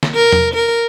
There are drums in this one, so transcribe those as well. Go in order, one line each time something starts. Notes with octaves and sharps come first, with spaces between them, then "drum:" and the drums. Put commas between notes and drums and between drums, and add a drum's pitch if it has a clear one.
drum: snare
A#4
drum: tom E2
A#4